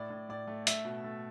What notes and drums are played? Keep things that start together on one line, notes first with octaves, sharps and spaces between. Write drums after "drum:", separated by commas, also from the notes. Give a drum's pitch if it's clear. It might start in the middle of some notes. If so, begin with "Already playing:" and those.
Already playing: A2 D5
A2
A2 D5
A3
A3 E5, drum: hi-hat
B2
A3